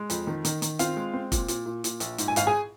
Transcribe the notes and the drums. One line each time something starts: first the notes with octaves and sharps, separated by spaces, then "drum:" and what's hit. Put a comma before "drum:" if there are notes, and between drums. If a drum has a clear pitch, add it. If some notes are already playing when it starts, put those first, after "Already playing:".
Already playing: G#3
F2, drum: hi-hat
D#3
D#3, drum: hi-hat
D#3, drum: hi-hat
C4 F4 F5, drum: hi-hat
G#3
C4
A#2, drum: kick F1, hi-hat
A#2, drum: hi-hat
A#2
A#2, drum: hi-hat
A#1, drum: hi-hat
G#2, drum: hi-hat
G#5
G#1 F5, drum: hi-hat
G#4 G#5